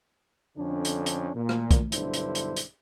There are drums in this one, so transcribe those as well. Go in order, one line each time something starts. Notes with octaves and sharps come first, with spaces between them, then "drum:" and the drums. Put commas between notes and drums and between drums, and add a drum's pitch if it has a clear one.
F2 D3 C#4 D4
drum: hi-hat
drum: hi-hat
A#2
drum: rim click
drum: kick, hi-hat
B1 G2 D3 E4 C5, drum: hi-hat
drum: hi-hat
drum: hi-hat
drum: hi-hat